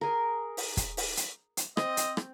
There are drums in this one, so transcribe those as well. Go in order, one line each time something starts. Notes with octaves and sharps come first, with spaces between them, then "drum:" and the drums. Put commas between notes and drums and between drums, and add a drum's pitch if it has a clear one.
G#4 A#4
drum: open hi-hat
drum: kick, hi-hat
drum: open hi-hat
drum: hi-hat
drum: hi-hat
C4 D#5, drum: rim click
drum: hi-hat
drum: rim click